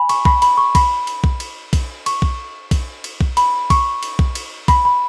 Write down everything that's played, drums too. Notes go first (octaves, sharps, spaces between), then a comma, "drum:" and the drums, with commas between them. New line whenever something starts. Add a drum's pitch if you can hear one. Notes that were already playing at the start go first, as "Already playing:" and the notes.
Already playing: G#5 B5
C#6, drum: cymbal
B5, drum: kick B1
B5, drum: cymbal
C#6
B5, drum: kick B1, cymbal
drum: cymbal
drum: kick B1
drum: cymbal
drum: kick B1, cymbal
C#6, drum: cymbal
drum: kick B1
drum: kick B1, cymbal
drum: cymbal
drum: kick B1
B5, drum: cymbal
C#6, drum: kick B1, cymbal
drum: cymbal
drum: kick B1
drum: cymbal
B5, drum: kick B1, cymbal
B5